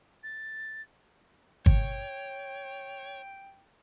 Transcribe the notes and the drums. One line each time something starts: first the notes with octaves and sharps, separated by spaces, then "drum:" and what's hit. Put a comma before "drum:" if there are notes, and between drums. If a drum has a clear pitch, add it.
A6
C#5 G5, drum: kick